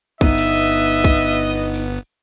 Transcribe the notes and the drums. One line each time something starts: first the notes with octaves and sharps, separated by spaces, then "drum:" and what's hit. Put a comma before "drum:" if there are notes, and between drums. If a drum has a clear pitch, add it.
G1 B3 D#4 B4 D#5 E5, drum: kick B1
drum: open hi-hat
drum: kick B1
drum: open hi-hat